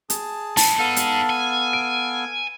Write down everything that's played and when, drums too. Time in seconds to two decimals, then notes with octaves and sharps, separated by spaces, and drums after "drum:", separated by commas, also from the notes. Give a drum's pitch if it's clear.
0.10 G#4 A5, drum: hi-hat
0.57 G#3 E4 A5, drum: open hi-hat
0.79 B3 D#4 G#4 A4 F5
0.96 drum: hi-hat
1.30 G#5
1.73 D7